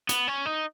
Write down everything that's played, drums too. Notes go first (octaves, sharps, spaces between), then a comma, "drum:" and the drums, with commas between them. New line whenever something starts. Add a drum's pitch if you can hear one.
B3, drum: hi-hat
C#4
D#4